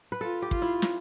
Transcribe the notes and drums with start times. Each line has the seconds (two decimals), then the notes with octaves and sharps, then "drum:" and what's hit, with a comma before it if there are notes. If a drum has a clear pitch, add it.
0.12 B4
0.21 F4 A4
0.42 G4
0.51 F4, drum: kick
0.62 E4
0.82 drum: snare